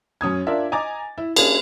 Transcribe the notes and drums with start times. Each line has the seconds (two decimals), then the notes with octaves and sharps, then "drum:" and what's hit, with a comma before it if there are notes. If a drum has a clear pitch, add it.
0.21 F#2 C#4 D#6 G#6
0.47 D4 F4 A#4 D5 E5
0.72 D#5 G#5 A#5 D6 A6
1.18 E4
1.36 A#3 C#4 D4 G#4, drum: cymbal